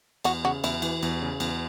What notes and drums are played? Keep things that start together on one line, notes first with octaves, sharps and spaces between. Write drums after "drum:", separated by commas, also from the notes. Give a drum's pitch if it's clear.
E2 F#4, drum: cymbal
C#3 F#4
E2 E4, drum: cymbal
E3, drum: cymbal
E2, drum: cymbal
C#3
E2, drum: cymbal